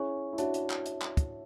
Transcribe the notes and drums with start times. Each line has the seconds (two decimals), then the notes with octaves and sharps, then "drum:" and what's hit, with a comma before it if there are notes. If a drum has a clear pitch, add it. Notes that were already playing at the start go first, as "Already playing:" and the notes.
Already playing: C#4 E4 G#4 C#5 G#5 C#6
0.33 E4
0.38 D4 F#4 C#5 E5 A5, drum: hi-hat
0.54 drum: hi-hat
0.70 drum: clap
0.86 drum: hi-hat
1.01 drum: clap
1.17 drum: kick, hi-hat